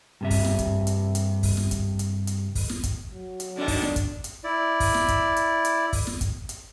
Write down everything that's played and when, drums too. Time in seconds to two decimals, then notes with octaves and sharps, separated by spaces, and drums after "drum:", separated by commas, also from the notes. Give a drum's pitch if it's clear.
0.21 G2 C3 E5
0.30 drum: kick, open hi-hat
0.45 drum: snare
0.59 drum: kick, hi-hat
0.87 drum: hi-hat
1.15 drum: hi-hat
1.43 drum: kick, open hi-hat
1.57 drum: snare
1.71 drum: kick, hi-hat
1.99 drum: hi-hat
2.27 drum: hi-hat
2.55 drum: kick, open hi-hat
2.69 drum: snare
2.83 drum: kick, hi-hat
3.12 F#3
3.40 drum: hi-hat
3.57 D3 D#3 D4
3.68 drum: kick, open hi-hat
3.82 drum: snare
3.96 drum: kick, hi-hat
4.24 drum: hi-hat
4.44 E4 D5
4.80 drum: kick, open hi-hat
4.94 drum: snare
5.08 drum: kick, hi-hat
5.36 drum: hi-hat
5.65 drum: hi-hat
5.93 drum: kick, open hi-hat
6.07 drum: snare
6.21 drum: kick, hi-hat
6.49 drum: hi-hat